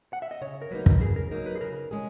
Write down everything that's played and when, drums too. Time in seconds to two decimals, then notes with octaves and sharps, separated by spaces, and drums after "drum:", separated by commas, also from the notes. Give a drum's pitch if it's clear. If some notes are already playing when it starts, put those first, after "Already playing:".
0.13 F#5
0.22 E5
0.31 D#5
0.41 C#3 C#5
0.62 A#4
0.71 F#3 A#3 D#4 B4
0.86 drum: kick
1.01 C#3 G#4
1.16 A#4
1.31 F#3 A#3 D#4 A#4
1.46 B4
1.55 G#4
1.61 C#3 A#4
1.91 G#3 C#4 G#4